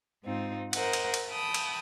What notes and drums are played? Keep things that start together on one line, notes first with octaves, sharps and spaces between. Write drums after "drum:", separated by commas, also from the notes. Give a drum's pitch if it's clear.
G#2 C4 D#4 F4
A#4 C5 D#5 F#5, drum: cymbal
drum: cymbal
drum: cymbal
G5 A5 B5 D#6
drum: cymbal